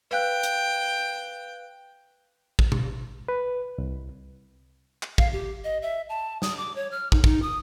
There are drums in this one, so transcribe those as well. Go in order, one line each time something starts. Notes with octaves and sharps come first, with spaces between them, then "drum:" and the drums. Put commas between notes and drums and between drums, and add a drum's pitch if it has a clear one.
B4 F5 G5 F#6
drum: hi-hat
drum: kick
drum: tom B2
B4
C2
drum: clap
F5, drum: kick
G4
D#5
E5
A5
D#6, drum: snare
D6
C#5
F6
D#4, drum: kick
D#4, drum: kick
D#6